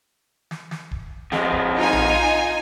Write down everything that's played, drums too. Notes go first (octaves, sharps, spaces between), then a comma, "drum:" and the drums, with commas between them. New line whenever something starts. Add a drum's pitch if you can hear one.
drum: snare
drum: snare
drum: kick
F2 G#3, drum: snare
drum: kick
D#4 F4 G#5
drum: tom A#1